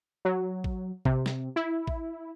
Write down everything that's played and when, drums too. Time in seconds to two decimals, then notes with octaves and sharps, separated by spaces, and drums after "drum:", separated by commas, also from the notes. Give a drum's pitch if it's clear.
0.25 F#3
0.64 drum: kick A1
1.05 C3, drum: kick A1
1.26 drum: snare
1.56 E4
1.87 drum: kick A1